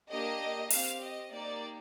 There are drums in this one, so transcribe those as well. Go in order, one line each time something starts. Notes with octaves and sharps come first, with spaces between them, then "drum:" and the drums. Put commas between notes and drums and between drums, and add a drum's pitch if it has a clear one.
A#3 D4 G4 D#5
C4 G4 F5, drum: open hi-hat
D#5
A#3 D#4 G4 D5